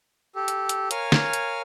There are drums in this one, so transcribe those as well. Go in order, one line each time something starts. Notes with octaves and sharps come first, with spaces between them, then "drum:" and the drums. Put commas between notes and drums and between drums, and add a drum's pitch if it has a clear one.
G4 A4
drum: hi-hat
drum: hi-hat
A#4 C#5 F5 G#5 F6, drum: hi-hat
drum: snare
drum: hi-hat